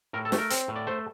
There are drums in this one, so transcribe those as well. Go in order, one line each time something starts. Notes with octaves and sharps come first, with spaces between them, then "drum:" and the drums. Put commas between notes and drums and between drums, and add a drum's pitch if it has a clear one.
A2 A#4
A4
A3, drum: snare
A#4
C4, drum: hi-hat
A2
D5
A3 C5